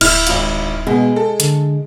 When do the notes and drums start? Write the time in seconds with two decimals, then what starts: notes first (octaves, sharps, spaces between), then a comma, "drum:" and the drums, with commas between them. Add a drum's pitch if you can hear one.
0.01 D1 E4 F6, drum: cymbal
0.27 G#1 F4, drum: hi-hat
0.87 B2 G#3
1.16 A4
1.40 D3, drum: hi-hat